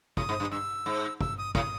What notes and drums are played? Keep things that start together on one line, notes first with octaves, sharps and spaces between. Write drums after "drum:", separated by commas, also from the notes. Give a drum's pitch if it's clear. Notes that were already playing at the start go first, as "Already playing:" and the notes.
A2 D#6, drum: kick
G#2
G2
G2 E6
G#2
E6, drum: kick
D#6
A2 D#6, drum: kick